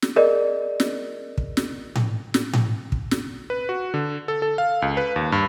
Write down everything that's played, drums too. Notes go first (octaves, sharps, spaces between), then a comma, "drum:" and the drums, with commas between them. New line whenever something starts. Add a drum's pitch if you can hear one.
drum: snare
G#4 A#4 D5 D#5
drum: snare
drum: kick
drum: snare
drum: tom A2
drum: snare
drum: tom A2
drum: kick
drum: snare
B4
F#4
D3
A4
A4
F5
C#2
B4
D#2
G2